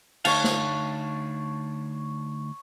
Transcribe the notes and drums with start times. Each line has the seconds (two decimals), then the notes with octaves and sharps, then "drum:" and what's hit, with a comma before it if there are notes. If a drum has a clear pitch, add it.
0.25 D2 D#4 C#5 F5 A5, drum: cymbal
0.44 drum: snare